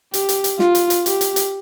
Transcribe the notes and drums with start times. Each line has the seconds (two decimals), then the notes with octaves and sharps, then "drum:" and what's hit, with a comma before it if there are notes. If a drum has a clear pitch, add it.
0.14 G4, drum: hi-hat
0.29 drum: hi-hat
0.44 drum: hi-hat
0.59 F4, drum: snare
0.75 drum: hi-hat
0.90 drum: hi-hat
1.06 G4, drum: hi-hat
1.21 drum: hi-hat
1.36 drum: hi-hat